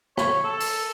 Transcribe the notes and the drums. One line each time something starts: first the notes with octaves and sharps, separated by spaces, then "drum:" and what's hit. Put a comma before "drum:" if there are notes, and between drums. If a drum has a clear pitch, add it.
C#5, drum: rim click
A4
drum: open hi-hat